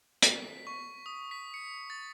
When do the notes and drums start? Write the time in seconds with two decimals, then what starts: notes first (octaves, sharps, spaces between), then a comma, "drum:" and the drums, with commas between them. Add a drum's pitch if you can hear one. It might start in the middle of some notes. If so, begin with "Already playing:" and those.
0.22 B6, drum: hi-hat
0.67 C#6
1.06 D#6
1.31 B6
1.54 C#7
1.90 A6